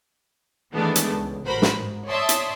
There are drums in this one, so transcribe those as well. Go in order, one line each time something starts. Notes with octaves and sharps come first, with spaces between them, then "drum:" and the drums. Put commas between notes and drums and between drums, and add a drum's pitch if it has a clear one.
D#3 E3 G#3 A3 B3 D4
drum: hi-hat
C#2
A1 F#4 A#4 C5 B5
drum: snare
G#2
C#5 D5 E5 A5 C6 D#6
drum: hi-hat